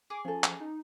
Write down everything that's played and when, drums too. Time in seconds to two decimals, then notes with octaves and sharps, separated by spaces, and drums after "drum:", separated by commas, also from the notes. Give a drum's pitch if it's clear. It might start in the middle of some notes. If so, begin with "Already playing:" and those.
0.10 G#4 D6
0.25 F3 C#4 A4
0.44 drum: clap
0.60 D#4